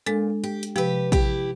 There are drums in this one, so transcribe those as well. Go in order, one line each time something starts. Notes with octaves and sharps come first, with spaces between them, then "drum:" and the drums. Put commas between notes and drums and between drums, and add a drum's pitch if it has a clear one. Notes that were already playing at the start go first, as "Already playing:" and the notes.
A#2 G#3 D4 A4
G4
drum: hi-hat
C3 F3 G4 B4
E4 G4, drum: kick A1